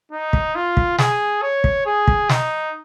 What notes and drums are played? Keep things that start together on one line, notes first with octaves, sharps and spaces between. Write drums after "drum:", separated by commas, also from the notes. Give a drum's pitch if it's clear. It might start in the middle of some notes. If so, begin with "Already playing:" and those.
D#4
drum: kick
F4
drum: kick
G#4, drum: snare
C#5
drum: kick
G#4
drum: kick
D#4, drum: snare